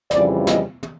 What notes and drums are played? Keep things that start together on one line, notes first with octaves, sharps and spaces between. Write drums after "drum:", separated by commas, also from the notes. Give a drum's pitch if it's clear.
F2 C#3 E3 G3 D5, drum: snare
D#5, drum: snare
drum: tom